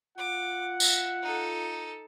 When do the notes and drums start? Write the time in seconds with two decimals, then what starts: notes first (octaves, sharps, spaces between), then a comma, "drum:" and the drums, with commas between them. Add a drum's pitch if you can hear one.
0.18 F4 F#5 D6
0.80 E5, drum: tambourine
1.22 D#4 A4